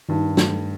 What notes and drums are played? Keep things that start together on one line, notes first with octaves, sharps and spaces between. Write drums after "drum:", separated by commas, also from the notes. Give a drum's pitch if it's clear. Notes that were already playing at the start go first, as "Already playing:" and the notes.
G2 D#3
A3, drum: snare